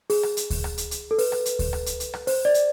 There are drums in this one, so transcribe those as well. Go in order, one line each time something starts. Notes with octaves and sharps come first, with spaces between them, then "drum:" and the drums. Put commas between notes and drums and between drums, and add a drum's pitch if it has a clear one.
G#4, drum: open hi-hat
drum: rim click
drum: hi-hat
drum: kick D2, open hi-hat
drum: rim click
drum: hi-hat
drum: hi-hat
A4
B4, drum: open hi-hat
drum: rim click
drum: hi-hat
drum: kick D2, open hi-hat
drum: rim click
drum: hi-hat
drum: hi-hat
drum: rim click
C5, drum: open hi-hat
D5
drum: hi-hat